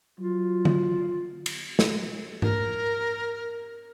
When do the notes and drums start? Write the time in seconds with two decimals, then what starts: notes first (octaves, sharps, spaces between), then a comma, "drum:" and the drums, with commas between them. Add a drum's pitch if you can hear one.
0.19 F#3 F4
0.65 drum: tom D3
1.46 drum: cymbal
1.79 drum: snare
2.42 A#4, drum: tom G#2